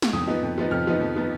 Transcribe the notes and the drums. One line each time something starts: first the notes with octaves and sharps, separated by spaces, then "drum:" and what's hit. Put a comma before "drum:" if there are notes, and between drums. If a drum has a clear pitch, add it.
drum: snare
F2 D#6
F3 B3 D#4
F2
F3 B3 D#4
F2 F6
F3 B3 D#4
F2
F3 B3 D#4